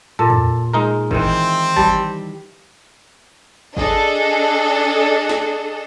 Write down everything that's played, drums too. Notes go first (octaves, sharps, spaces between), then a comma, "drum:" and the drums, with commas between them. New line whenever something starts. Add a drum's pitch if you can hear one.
A#2 A4
drum: tom
G#3 D#4 A#4
D#3 E3 C4, drum: kick G1
G3 A5, drum: kick G1
D4 G#4 A4 D#5, drum: kick G1
drum: snare